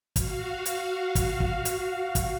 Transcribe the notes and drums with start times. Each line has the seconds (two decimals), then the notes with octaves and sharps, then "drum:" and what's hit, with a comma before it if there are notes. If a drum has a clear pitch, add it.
0.16 F#4 F5, drum: kick, hi-hat
0.66 drum: hi-hat
1.15 drum: kick, hi-hat
1.40 drum: kick
1.65 drum: hi-hat
2.15 drum: kick, hi-hat